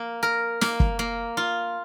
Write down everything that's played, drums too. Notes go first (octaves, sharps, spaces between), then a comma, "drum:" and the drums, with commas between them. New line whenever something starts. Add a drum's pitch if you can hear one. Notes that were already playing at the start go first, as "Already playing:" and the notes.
Already playing: A#3
A#4
A#3, drum: snare
drum: kick
A#3
F4